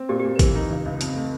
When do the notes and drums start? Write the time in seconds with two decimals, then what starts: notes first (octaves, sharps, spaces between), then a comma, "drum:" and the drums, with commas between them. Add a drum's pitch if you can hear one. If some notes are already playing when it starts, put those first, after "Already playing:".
Already playing: C4
0.09 A#2 G4
0.20 G4
0.25 A#2
0.35 B4
0.39 E3 A#4, drum: kick A1, hi-hat
0.55 D#4
0.71 C#2
0.86 C#2
1.01 F2, drum: hi-hat
1.15 A3